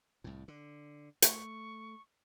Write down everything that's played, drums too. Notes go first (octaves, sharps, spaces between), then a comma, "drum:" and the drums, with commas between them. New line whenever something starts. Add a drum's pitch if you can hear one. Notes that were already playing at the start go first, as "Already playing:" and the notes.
C2 A2
D3
A3 C#6, drum: hi-hat